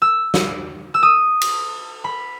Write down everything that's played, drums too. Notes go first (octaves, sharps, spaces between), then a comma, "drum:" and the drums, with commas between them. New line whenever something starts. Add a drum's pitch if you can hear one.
E6
drum: snare
E6
D#6
drum: cymbal
B5